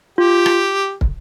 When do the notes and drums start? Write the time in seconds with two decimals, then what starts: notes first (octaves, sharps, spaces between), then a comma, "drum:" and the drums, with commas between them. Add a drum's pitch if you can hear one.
0.18 F4 G4
0.46 drum: rim click
1.01 drum: kick